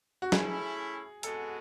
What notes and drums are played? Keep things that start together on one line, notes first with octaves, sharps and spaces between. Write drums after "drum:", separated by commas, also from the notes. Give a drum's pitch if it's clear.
F#4
A3 C#4 E4 G#4, drum: snare
G#3 B3 F#4 A4, drum: hi-hat